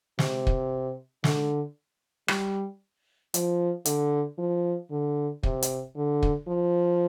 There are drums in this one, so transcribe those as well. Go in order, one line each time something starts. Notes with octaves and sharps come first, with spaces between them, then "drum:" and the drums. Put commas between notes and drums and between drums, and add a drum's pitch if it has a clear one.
C3, drum: snare
drum: kick
D3, drum: snare
G3, drum: rim click
F3, drum: hi-hat
D3, drum: hi-hat
F3
D3
C3, drum: kick
drum: hi-hat
D3
drum: kick
F3